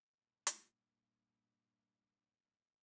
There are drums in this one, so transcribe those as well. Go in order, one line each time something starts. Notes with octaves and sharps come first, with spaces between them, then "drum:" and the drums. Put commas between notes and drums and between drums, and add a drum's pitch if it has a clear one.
G2 A#2
drum: hi-hat